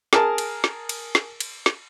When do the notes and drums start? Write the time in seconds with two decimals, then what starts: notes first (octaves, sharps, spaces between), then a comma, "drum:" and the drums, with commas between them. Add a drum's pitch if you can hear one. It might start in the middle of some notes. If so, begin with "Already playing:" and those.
0.13 G#4 A#4 A5, drum: snare
0.38 drum: cymbal
0.64 drum: snare
0.89 drum: cymbal
1.15 drum: snare
1.40 drum: cymbal
1.66 drum: snare